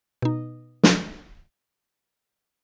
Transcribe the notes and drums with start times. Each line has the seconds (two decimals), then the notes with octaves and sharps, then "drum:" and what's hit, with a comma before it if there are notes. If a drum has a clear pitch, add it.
0.22 B2 D#4
0.83 drum: snare